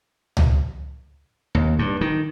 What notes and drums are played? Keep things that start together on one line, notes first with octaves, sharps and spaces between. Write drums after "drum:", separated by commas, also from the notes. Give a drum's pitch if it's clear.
drum: tom C#2
D#2
G2
D#3